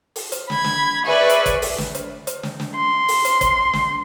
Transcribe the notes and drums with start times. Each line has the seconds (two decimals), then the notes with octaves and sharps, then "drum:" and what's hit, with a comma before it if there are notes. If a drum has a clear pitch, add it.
0.16 drum: open hi-hat
0.32 drum: hi-hat
0.50 B5 G#6, drum: snare
0.64 drum: snare
1.06 G#4 B4 D5 E5 C#6
1.29 drum: hi-hat
1.46 drum: kick, hi-hat
1.62 drum: open hi-hat
1.78 drum: snare
1.95 drum: hi-hat
2.27 drum: hi-hat
2.43 drum: snare
2.60 drum: snare
2.76 C6
3.08 drum: open hi-hat
3.25 drum: hi-hat
3.41 drum: kick, hi-hat
3.73 drum: snare